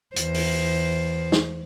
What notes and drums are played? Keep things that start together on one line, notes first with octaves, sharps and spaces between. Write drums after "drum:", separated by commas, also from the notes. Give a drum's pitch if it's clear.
E2 C5, drum: hi-hat
drum: open hi-hat
drum: snare